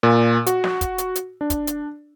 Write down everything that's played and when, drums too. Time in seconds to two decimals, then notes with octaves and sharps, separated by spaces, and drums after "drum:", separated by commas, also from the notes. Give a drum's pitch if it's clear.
0.03 A#2
0.47 F#4, drum: hi-hat
0.64 drum: snare
0.81 drum: kick, hi-hat
0.98 drum: hi-hat
1.16 drum: hi-hat
1.41 D4
1.50 drum: kick, hi-hat
1.67 drum: hi-hat